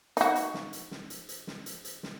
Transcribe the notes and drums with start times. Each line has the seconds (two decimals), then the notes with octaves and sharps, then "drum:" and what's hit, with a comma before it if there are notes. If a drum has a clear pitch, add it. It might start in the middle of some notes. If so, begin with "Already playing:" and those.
0.17 D#4 F#4, drum: hi-hat
0.35 drum: hi-hat
0.54 drum: snare
0.73 drum: hi-hat
0.91 drum: snare
1.10 drum: hi-hat
1.29 drum: hi-hat
1.47 drum: snare
1.66 drum: hi-hat
1.85 drum: hi-hat
2.03 drum: snare